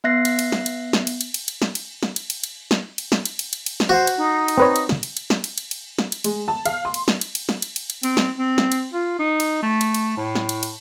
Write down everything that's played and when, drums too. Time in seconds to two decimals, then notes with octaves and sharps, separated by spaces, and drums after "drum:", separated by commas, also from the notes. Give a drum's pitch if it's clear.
0.04 B3 E5 F#6 A#6 C7
0.25 drum: cymbal
0.39 drum: cymbal
0.52 drum: snare
0.66 drum: cymbal
0.93 drum: snare
1.07 drum: cymbal
1.21 drum: cymbal
1.34 drum: cymbal
1.48 drum: cymbal
1.62 drum: snare
1.75 drum: cymbal
2.03 drum: snare
2.16 drum: cymbal
2.30 drum: cymbal
2.44 drum: cymbal
2.71 drum: snare
2.98 drum: cymbal
3.12 drum: snare
3.25 drum: cymbal
3.39 drum: cymbal
3.53 drum: cymbal
3.66 drum: cymbal
3.80 drum: snare
3.89 F#4 C5
4.07 drum: cymbal
4.17 D#4
4.48 drum: cymbal
4.57 C4 B4 C#5
4.76 drum: cymbal
4.89 drum: snare
5.03 drum: cymbal
5.17 drum: cymbal
5.30 drum: snare
5.44 drum: cymbal
5.58 drum: cymbal
5.71 drum: cymbal
5.99 drum: snare
6.12 drum: cymbal
6.24 G#3, drum: cymbal
6.48 A5
6.66 F5, drum: cymbal
6.85 C6
6.94 drum: cymbal
7.08 drum: snare
7.21 drum: cymbal
7.35 drum: cymbal
7.49 drum: snare
7.62 drum: cymbal
7.76 drum: cymbal
7.90 drum: cymbal
8.03 C4, drum: cymbal
8.17 drum: snare
8.38 C4
8.58 drum: snare
8.72 drum: cymbal
8.93 F4
9.19 D#4
9.40 drum: cymbal
9.62 A3
9.81 drum: cymbal
9.94 drum: cymbal
10.17 A2
10.35 drum: snare
10.49 drum: cymbal
10.63 drum: cymbal